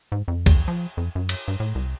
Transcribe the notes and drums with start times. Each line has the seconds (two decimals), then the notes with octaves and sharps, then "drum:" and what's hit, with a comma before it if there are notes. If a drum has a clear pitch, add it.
0.12 G#2
0.28 F2
0.46 E2, drum: kick C2, cymbal
0.68 F3
0.97 F2
1.15 F#2
1.29 drum: cymbal
1.48 G2
1.60 A2
1.75 C2